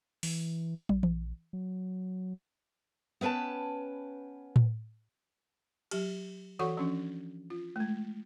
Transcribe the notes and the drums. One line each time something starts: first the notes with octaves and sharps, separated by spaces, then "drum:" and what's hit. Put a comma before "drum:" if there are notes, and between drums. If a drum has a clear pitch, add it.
E3, drum: open hi-hat
A#1, drum: tom
drum: tom E3
F#3
B3 C#4 B4 G5 A5
drum: tom A2
F#3 G4, drum: cymbal
E3 F#4 A4 C#5 F#5 C#6
F3 C#4 D4
F4
G#3 A3